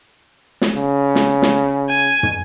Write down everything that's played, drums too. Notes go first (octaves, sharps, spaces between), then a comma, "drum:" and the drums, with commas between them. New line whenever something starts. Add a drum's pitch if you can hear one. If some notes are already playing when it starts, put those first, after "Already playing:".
drum: snare
C#3
drum: snare
drum: snare
G#5
drum: tom